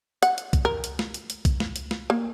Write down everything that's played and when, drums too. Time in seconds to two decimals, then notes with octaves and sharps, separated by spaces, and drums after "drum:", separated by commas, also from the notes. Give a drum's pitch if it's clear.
0.23 F#5, drum: hi-hat
0.38 drum: hi-hat
0.53 drum: kick B1, hi-hat
0.65 A#4
0.84 drum: hi-hat
0.99 drum: snare
1.14 drum: hi-hat
1.30 drum: hi-hat
1.45 drum: kick B1, hi-hat
1.60 drum: snare
1.76 drum: hi-hat
1.91 drum: snare
2.10 A#3